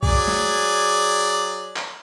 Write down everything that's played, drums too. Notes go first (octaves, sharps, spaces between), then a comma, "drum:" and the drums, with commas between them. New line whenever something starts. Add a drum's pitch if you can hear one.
F#3 G#4 D5, drum: kick B1
drum: snare
drum: clap